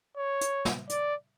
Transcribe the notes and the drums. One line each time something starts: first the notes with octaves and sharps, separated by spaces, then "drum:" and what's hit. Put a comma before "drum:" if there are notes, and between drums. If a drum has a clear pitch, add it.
C#5
drum: hi-hat
drum: snare
D5, drum: hi-hat